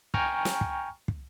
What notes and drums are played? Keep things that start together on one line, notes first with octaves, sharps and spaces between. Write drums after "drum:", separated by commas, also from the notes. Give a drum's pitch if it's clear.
G5 G#5 A#5 C#6 F6, drum: kick
drum: snare
drum: kick
drum: kick